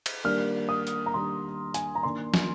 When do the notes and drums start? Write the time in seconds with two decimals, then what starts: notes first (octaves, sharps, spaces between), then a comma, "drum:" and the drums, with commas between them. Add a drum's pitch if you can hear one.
0.06 drum: cymbal
0.24 D#3 G3 A#3 D4 F6
0.69 D#6
0.87 drum: hi-hat
1.06 A#5
1.14 D#3 G3 A#3 D4 C6
1.74 G#5, drum: hi-hat
1.95 A#5
2.03 D#3 A#3 D4 C6
2.34 drum: snare